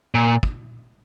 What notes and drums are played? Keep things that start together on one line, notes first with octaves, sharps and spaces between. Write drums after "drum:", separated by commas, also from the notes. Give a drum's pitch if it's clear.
A#2
drum: kick